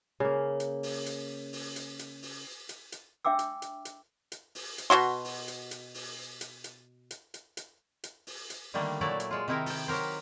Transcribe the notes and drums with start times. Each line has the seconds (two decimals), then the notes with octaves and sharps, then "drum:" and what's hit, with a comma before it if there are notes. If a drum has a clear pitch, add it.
0.20 C#3 A#3
0.60 drum: hi-hat
0.83 drum: open hi-hat
1.06 drum: hi-hat
1.53 drum: open hi-hat
1.76 drum: hi-hat
1.99 drum: hi-hat
2.23 drum: open hi-hat
2.69 drum: hi-hat
2.92 drum: hi-hat
3.25 D4 E5 G5 D6 E6
3.39 drum: hi-hat
3.62 drum: hi-hat
3.85 drum: hi-hat
4.32 drum: hi-hat
4.55 drum: open hi-hat
4.78 drum: hi-hat
4.90 B2 G#3 F#4 C6
5.25 drum: open hi-hat
5.48 drum: hi-hat
5.71 drum: hi-hat
5.94 drum: open hi-hat
6.41 drum: hi-hat
6.64 drum: hi-hat
7.11 drum: hi-hat
7.34 drum: hi-hat
7.57 drum: hi-hat
8.04 drum: hi-hat
8.27 drum: open hi-hat
8.50 drum: hi-hat
8.74 D3 D#3 G3 A3 A#3
9.01 A#2 F#3 A3 E4 D5
9.20 drum: hi-hat
9.31 G#3 F4
9.48 C3 D#3 D#4 E4 A#4
9.66 A4 G5, drum: open hi-hat
9.88 F#3 G4 A#4 C5